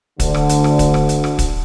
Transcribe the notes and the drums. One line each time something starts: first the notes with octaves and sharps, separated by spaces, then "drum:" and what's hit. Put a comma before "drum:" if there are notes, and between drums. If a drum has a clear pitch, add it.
D2 D3, drum: kick, hi-hat
drum: rim click
drum: hi-hat
drum: rim click
drum: kick, hi-hat
drum: rim click
drum: hi-hat
drum: rim click
drum: kick, hi-hat